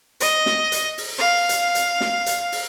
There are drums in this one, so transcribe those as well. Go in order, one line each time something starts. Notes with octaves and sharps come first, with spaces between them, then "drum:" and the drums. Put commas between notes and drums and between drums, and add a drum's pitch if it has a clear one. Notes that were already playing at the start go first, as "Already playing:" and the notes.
D#5, drum: hi-hat
drum: snare
drum: hi-hat
drum: open hi-hat
F5
drum: hi-hat
drum: hi-hat
drum: snare
drum: hi-hat
drum: open hi-hat